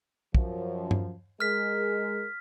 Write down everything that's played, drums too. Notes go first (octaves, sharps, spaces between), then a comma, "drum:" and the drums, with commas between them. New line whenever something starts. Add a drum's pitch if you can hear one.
F#2 F3, drum: kick
drum: tom G2
G#3 A#4 F6 B6